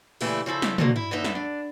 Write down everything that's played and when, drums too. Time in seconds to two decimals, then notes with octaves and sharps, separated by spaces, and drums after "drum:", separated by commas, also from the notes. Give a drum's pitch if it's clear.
0.21 A#2 C#3 E3 A3 E4 G4, drum: open hi-hat
0.46 C#3 F3 E4 A4
0.62 drum: snare
0.78 D3 F3 F#3 A3 A#3, drum: tom
0.96 E4
1.11 D#2 D3 D#4 B4 E5
1.24 drum: snare
1.35 D4